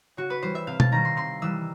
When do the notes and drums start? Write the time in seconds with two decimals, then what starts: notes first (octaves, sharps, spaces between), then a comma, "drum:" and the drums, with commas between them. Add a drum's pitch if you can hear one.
0.17 C#3 F#4
0.30 B4
0.42 E3 G3 C5
0.55 E5
0.67 C3 F5
0.80 A5, drum: tom B2
0.92 D#3 G3 A#5
1.05 C6
1.16 C3 C6
1.42 E3 G3 E6